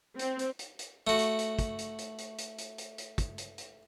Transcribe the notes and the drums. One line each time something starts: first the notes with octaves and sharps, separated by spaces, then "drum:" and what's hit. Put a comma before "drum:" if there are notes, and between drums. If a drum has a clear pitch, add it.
C4, drum: hi-hat
drum: hi-hat
drum: hi-hat
drum: hi-hat
A3 F#4
drum: hi-hat
drum: hi-hat
drum: kick, hi-hat
drum: hi-hat
drum: hi-hat
drum: hi-hat
drum: hi-hat
drum: hi-hat
drum: hi-hat
drum: hi-hat
drum: kick, hi-hat
drum: hi-hat
drum: hi-hat